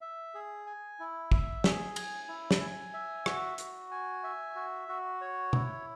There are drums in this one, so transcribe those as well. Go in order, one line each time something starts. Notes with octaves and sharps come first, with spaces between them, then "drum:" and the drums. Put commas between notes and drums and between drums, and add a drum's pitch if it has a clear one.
E5
G#4
G#5
E4
E5, drum: kick
G#4, drum: snare
G#5, drum: cymbal
E4
drum: snare
G#5
E5
F#4, drum: rim click
F#4, drum: hi-hat
G#5
E5
F#4
F#4
C#5
E4, drum: tom B2